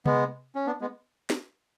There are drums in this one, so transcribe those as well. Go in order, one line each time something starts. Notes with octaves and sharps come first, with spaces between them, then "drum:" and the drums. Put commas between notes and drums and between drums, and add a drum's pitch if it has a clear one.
G#3 B3, drum: tom C3
C#4
B3 D4
G#3 B3
drum: snare